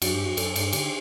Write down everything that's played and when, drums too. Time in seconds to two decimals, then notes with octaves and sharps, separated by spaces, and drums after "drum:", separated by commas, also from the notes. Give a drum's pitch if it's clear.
0.02 F#2 F#4, drum: cymbal
0.14 G2 G4
0.25 F#2 F#4
0.37 F#2 A4, drum: cymbal
0.56 G2, drum: cymbal
0.73 D3 G4, drum: cymbal